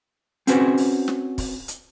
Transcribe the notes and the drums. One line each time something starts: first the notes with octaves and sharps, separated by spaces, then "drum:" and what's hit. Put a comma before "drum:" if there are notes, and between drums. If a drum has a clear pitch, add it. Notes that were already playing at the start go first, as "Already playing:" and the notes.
C4 C#4 F#4 G#4 B4 C5, drum: hi-hat
drum: open hi-hat
drum: snare
drum: kick, open hi-hat
drum: hi-hat